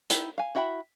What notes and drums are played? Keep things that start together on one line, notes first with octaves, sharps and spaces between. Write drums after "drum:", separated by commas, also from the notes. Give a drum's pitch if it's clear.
D#4 E4 G4, drum: hi-hat
F5 G#5
E4 F#4 E5 G5 B5